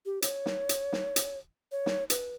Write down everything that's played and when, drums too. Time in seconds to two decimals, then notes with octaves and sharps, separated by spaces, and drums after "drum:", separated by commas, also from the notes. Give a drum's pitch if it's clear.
0.06 G4
0.22 C#5, drum: hi-hat
0.46 drum: snare
0.69 drum: hi-hat
0.93 drum: snare
1.16 drum: hi-hat
1.72 C#5
1.86 drum: snare
2.10 B4, drum: hi-hat